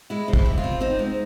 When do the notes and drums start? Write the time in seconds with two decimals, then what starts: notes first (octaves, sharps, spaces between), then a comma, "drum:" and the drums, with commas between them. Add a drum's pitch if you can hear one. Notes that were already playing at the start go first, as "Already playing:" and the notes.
0.10 G#3 E4
0.28 C3
0.33 E4, drum: kick
0.46 C3
0.58 F4
0.64 C4
0.81 C4 D#4
0.99 G#3